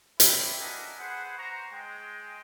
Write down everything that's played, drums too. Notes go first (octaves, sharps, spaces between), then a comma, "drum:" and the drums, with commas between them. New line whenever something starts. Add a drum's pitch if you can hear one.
G3 C4 E4 A4 G5 B5, drum: hi-hat
D4 A#4 D#5 E5 F#5 G#5
G#4 B4 C5 F#5
C5 A#5 C#6
G#3 G5